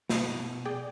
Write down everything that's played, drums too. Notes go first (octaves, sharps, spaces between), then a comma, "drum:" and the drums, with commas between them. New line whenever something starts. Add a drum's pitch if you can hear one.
B2, drum: snare
G#4 D5 G5